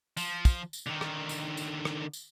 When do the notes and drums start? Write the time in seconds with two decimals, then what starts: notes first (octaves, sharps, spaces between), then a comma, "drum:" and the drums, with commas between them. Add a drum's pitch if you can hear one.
0.17 F3, drum: tambourine
0.45 drum: kick, tambourine
0.73 drum: tambourine
0.87 D3 D#3
1.01 drum: rim click
1.29 drum: tambourine
1.57 drum: tambourine
1.85 drum: rim click
2.13 drum: tambourine